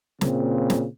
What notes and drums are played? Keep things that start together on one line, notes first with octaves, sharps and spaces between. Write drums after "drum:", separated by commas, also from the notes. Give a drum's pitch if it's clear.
A#2 C#3 C4, drum: snare
drum: snare